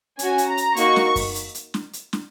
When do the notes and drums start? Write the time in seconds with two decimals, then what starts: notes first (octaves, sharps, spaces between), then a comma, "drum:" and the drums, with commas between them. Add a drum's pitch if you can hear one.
0.19 C#4 F#4 G#5, drum: hi-hat
0.38 drum: hi-hat
0.48 A#5
0.57 drum: hi-hat
0.76 A#3 D#4 F#4 C#6, drum: hi-hat
0.96 drum: snare
1.16 drum: kick F#2, open hi-hat
1.35 drum: hi-hat
1.55 drum: hi-hat
1.74 drum: snare
1.93 drum: hi-hat
2.13 drum: snare